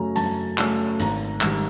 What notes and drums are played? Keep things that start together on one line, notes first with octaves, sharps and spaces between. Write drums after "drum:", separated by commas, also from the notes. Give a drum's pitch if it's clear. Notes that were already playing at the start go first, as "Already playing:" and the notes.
Already playing: F#2 C#3 F#3 A3 C#4 A#5
F#2 A5, drum: hi-hat
C#3 F#3 A3 C#4, drum: clap
G#1 A#5, drum: hi-hat
G#2 D#3 G3, drum: clap